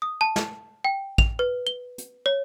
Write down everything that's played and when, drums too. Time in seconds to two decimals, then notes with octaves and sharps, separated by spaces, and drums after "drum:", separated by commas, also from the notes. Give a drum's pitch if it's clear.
0.02 D#6
0.21 A5
0.36 drum: snare
0.85 G5
1.18 F7, drum: kick
1.39 B4
1.67 G7
1.98 drum: hi-hat
2.26 C#5